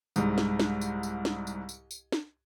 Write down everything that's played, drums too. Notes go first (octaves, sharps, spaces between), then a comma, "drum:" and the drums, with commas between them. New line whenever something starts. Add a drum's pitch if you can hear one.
C2 G#2, drum: tambourine
drum: snare
drum: snare
drum: tambourine
drum: tambourine
drum: snare
drum: tambourine
drum: tambourine
drum: tambourine
drum: snare